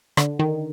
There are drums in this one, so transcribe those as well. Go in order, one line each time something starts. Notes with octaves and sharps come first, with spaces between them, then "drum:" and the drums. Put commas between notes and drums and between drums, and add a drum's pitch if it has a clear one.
D3, drum: rim click
D#3